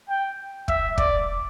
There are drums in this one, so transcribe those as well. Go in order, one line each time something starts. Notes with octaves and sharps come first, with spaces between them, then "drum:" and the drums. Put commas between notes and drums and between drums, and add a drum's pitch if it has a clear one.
G5
E5, drum: kick
D5, drum: kick